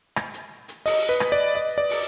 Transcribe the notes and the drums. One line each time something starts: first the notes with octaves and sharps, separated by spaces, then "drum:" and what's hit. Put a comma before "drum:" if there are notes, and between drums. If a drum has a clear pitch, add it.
drum: rim click
drum: hi-hat
drum: hi-hat
D#5, drum: open hi-hat
B4
drum: rim click
D5
D#5
D5
drum: open hi-hat